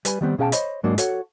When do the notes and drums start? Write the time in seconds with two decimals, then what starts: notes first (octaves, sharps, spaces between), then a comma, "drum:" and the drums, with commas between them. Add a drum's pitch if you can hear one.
0.05 G3 B4 G#5 B5, drum: hi-hat
0.21 D#3 G3 B3 C4
0.38 B2 C#4 G#4 F5 G5 A5
0.52 C5 C#5 D#5 B5, drum: hi-hat
0.84 G#2 F#3 G#3 A#3 D4
0.98 F#4 A4 C#5 F#5, drum: hi-hat